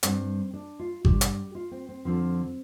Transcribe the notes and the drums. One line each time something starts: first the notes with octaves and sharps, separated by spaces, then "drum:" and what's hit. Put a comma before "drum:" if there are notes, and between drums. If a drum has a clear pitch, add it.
G2 G3 C4, drum: hi-hat
D4
F4
G2 G3 G4, drum: kick G#1
drum: hi-hat
F4
C4
C4
F2 D3 F3 C4